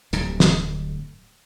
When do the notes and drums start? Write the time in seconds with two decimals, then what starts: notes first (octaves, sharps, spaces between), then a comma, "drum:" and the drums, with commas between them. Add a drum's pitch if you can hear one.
0.13 D1 G2 D3, drum: hi-hat
0.40 drum: snare